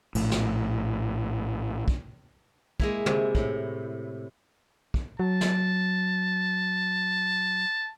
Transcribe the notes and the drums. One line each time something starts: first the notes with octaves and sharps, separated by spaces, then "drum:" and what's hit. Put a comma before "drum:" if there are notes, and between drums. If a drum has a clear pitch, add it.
A#1 A2, drum: cymbal
drum: snare
drum: kick
G#3 A#3 E4, drum: kick
C3, drum: tom
A2, drum: kick
drum: kick
F#3 A5
drum: snare